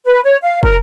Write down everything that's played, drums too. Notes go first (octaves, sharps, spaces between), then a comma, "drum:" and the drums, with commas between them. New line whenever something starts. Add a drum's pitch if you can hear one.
B4
C#5
F5
A#4, drum: kick